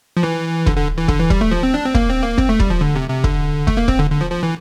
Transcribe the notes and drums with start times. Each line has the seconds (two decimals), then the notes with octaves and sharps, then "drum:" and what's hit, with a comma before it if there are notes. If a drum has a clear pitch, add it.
0.17 F3
0.23 E3
0.66 D3, drum: kick
0.77 D3
0.98 E3
1.08 D3, drum: kick
1.20 E3
1.30 G3, drum: kick
1.41 A3
1.51 F3
1.63 C4
1.74 D4
1.84 C4
1.95 A#3, drum: kick
2.09 C4
2.23 A#3
2.38 C4, drum: kick
2.49 A3
2.60 G3, drum: kick
2.70 F3
2.81 D3
2.95 C3
3.10 C3
3.24 D3, drum: kick
3.67 A3, drum: kick
3.77 A#3
3.88 C4, drum: kick
3.99 D3
4.10 D3
4.21 F3
4.31 F3
4.43 E3